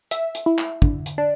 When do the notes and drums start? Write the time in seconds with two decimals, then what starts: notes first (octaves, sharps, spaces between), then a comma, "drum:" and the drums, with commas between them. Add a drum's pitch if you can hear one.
0.11 E5, drum: hi-hat
0.35 drum: hi-hat
0.46 E4
0.59 drum: clap
0.82 D3, drum: kick
1.06 drum: hi-hat
1.18 D4